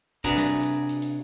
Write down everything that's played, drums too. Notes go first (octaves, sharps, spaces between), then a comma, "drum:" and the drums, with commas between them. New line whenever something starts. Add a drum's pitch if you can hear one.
C3 D4 F#4 G#4 B4 A#5, drum: kick, hi-hat
drum: snare
drum: open hi-hat
drum: hi-hat
drum: hi-hat
drum: hi-hat